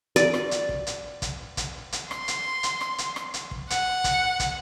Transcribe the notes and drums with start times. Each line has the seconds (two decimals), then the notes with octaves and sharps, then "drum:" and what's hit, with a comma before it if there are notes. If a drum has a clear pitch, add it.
0.16 D5, drum: hi-hat
0.34 drum: rim click
0.51 drum: hi-hat
0.69 drum: kick
0.87 drum: hi-hat
1.22 drum: kick, hi-hat
1.57 drum: kick, hi-hat
1.92 drum: hi-hat
2.11 C6, drum: rim click
2.28 drum: hi-hat
2.63 drum: hi-hat
2.81 drum: rim click
2.98 drum: hi-hat
3.16 drum: rim click
3.34 drum: hi-hat
3.51 drum: kick
3.70 F#5, drum: hi-hat
4.04 drum: kick, hi-hat
4.40 drum: kick, hi-hat